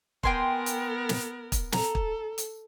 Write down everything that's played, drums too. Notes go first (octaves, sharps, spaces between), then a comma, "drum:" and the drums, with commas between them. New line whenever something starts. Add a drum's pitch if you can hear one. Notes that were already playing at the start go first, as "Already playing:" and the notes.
B3 A#4 G5 G#5 C6, drum: kick
drum: hi-hat
drum: snare
drum: kick, hi-hat
A4 A#5, drum: snare
drum: kick
drum: hi-hat